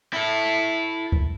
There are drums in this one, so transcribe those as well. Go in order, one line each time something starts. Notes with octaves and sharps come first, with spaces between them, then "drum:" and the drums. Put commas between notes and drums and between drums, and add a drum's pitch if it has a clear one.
E4 A4
drum: kick C#2